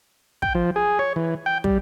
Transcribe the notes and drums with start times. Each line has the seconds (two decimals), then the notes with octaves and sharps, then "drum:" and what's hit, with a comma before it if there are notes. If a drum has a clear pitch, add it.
0.42 G5, drum: kick
0.55 F3
0.76 G#4
0.99 C#5
1.16 E3
1.46 G5
1.64 G3, drum: kick